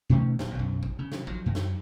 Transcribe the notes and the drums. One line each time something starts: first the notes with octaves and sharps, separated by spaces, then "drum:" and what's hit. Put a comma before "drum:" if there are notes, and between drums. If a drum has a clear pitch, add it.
B2 D#3 A3 C#4
D#1, drum: snare
B1 F#2
drum: kick
C#3
drum: snare
F3 F#3, drum: kick
F#2
drum: snare